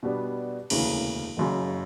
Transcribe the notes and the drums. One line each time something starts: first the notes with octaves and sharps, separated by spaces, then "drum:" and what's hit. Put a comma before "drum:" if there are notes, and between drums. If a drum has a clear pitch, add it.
B2 G3 B3 D4
E1 D2 C#3 E3 A#3, drum: cymbal
F#1 F#2 C#3